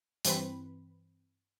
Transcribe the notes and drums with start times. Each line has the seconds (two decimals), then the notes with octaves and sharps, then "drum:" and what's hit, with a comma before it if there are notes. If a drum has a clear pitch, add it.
0.25 G2 E3 C4 B4 B5, drum: hi-hat